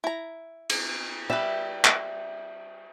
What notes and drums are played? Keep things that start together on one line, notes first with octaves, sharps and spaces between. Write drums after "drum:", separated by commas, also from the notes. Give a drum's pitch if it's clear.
E4 A#5
drum: cymbal
G3 B4 E5
drum: clap